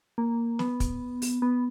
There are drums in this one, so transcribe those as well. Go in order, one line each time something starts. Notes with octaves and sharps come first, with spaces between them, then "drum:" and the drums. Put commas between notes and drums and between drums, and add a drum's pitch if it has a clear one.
A#3
B3, drum: snare
drum: kick, hi-hat
drum: open hi-hat
B3